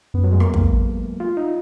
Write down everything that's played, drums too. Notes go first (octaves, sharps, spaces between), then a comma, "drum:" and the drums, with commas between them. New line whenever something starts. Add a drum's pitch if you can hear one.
F#2 B3
F#3
G#3
F2 A#3, drum: rim click
drum: kick
F4
D#4